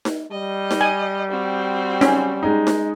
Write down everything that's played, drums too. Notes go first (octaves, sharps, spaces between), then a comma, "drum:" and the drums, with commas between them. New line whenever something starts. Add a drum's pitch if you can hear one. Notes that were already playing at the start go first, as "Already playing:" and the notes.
drum: snare D#4
G3 D#5
drum: snare D#4
G#5
C4 F#4
C#4, drum: snare D#4
G#3 D#4
drum: snare D#4